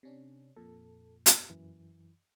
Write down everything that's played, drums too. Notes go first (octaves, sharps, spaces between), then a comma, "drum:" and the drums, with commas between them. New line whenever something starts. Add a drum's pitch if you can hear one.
C3 C#4 D4
F2 A#2 A4
drum: hi-hat
F#2 E3